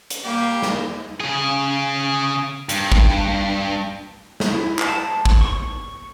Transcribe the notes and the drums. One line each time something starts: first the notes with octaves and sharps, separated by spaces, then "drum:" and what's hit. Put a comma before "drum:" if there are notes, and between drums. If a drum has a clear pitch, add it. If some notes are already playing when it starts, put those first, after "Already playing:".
drum: hi-hat
G3 A#3 G4 D5 F5 D6
drum: snare
C#3 G#4
G2, drum: hi-hat
drum: kick
drum: snare
E4
drum: clap
A5
drum: kick
C#6